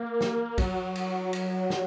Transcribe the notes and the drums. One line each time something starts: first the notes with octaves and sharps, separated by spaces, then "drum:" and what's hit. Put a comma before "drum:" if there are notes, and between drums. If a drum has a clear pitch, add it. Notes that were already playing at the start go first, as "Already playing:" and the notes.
Already playing: A#3
drum: snare
F#3, drum: kick A1, cymbal
drum: cymbal
drum: cymbal
drum: snare